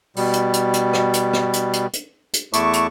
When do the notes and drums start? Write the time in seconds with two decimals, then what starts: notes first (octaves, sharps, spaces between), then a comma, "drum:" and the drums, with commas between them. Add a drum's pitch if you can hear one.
0.16 B2 G3, drum: open hi-hat
0.33 drum: hi-hat
0.53 drum: hi-hat
0.73 drum: hi-hat
0.93 drum: rim click
1.13 drum: hi-hat
1.33 drum: rim click
1.53 drum: hi-hat
1.73 drum: hi-hat
1.93 drum: hi-hat
2.33 drum: hi-hat
2.53 E2 A3 E4 A5 C#6 D6, drum: hi-hat
2.73 drum: hi-hat